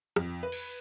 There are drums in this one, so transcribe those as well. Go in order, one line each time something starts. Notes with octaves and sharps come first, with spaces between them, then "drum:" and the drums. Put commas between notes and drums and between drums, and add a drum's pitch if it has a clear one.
F2, drum: rim click
B4
drum: cymbal